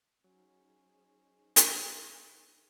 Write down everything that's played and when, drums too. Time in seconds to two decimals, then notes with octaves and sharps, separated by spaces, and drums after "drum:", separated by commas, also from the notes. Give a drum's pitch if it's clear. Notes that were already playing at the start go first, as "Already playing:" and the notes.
0.24 F#3 C#4 D#4 G#4 C5
1.56 drum: hi-hat